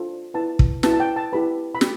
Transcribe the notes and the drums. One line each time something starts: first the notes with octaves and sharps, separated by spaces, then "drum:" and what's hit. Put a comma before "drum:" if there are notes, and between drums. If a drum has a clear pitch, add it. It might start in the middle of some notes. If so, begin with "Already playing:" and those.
Already playing: D4 F4 A4 C5
E4 B4 A5
drum: kick
E4 B4 A5, drum: snare
A5
G5
A5
E4 G4 B4 B5
B5
G4, drum: snare